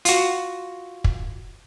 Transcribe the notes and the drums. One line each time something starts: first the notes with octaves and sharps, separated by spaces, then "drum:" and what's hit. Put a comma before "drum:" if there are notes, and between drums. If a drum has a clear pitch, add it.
F4 F#4, drum: hi-hat
drum: kick